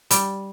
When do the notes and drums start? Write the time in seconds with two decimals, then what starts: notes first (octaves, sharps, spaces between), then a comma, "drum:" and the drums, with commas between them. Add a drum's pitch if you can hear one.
0.11 G3, drum: hi-hat